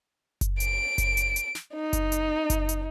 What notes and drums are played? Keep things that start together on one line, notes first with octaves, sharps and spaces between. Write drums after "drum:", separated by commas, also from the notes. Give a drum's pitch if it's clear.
drum: kick F#1, hi-hat
D7, drum: hi-hat
drum: kick F#1, hi-hat
drum: hi-hat
drum: hi-hat
drum: snare
D#4
drum: kick F#1, hi-hat
drum: hi-hat
drum: kick F#1, hi-hat
drum: hi-hat